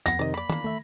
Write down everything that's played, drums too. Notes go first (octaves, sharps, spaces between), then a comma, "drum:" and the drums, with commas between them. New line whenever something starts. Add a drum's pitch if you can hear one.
F2 B3 F#5 A#6, drum: tambourine
C3 D#3 D5 D#5
A#3 D5 B5
A#3 D4, drum: tom D#3
A3 E5